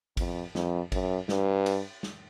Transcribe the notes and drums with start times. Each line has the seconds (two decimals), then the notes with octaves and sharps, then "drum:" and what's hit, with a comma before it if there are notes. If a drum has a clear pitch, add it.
0.17 F2, drum: kick G#1, cymbal
0.55 F2, drum: snare
0.92 F#2, drum: kick G#1, cymbal
1.29 G2, drum: snare
1.66 drum: cymbal
2.03 drum: snare